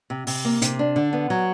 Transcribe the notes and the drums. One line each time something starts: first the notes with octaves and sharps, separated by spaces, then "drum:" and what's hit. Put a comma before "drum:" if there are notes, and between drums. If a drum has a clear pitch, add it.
C3
C3, drum: open hi-hat
A#3
C3, drum: hi-hat
D4
D3
B3
F#3